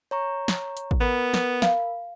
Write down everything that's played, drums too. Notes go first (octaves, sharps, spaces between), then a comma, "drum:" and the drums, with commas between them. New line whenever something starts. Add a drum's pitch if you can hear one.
C#5 A#5 C#6
drum: snare
drum: hi-hat
drum: kick A1
B3 A#4 B5
drum: snare
F5, drum: snare